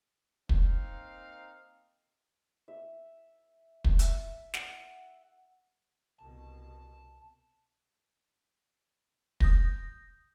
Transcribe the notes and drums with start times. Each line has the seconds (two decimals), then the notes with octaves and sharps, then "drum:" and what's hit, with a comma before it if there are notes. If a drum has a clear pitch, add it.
0.49 A#3 C4 D#4 F5, drum: kick
2.68 E5
3.84 drum: kick
3.99 E5, drum: hi-hat
4.54 F#5, drum: snare
6.19 C2 B2 A5
9.40 D#6 G6 A#6, drum: kick